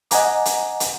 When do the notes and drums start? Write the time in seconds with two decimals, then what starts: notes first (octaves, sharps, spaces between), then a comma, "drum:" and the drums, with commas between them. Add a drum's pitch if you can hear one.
0.11 D#5 F#5 G#5 A#5 D6, drum: hi-hat
0.45 drum: hi-hat
0.80 drum: hi-hat